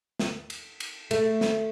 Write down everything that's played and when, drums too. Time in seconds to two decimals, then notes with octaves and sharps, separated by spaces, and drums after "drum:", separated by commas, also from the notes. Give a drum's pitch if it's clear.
0.20 drum: snare
0.50 drum: cymbal
0.80 drum: cymbal
1.11 A3, drum: cymbal
1.41 drum: snare